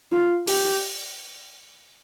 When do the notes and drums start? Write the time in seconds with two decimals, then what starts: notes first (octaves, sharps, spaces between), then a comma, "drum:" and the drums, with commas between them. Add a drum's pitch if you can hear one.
0.12 F4
0.47 G4, drum: open hi-hat